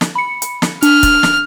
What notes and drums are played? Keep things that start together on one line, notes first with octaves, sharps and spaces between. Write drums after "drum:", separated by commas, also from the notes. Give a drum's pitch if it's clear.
drum: snare
B5 C#7
drum: hi-hat
drum: snare
D4 F6, drum: hi-hat
drum: kick, hi-hat
drum: snare